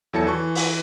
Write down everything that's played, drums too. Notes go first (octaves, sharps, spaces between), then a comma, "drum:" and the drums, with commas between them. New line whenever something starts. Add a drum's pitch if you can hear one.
E2 F#3 E4 A4 A5 C#7
E3 C#6
drum: open hi-hat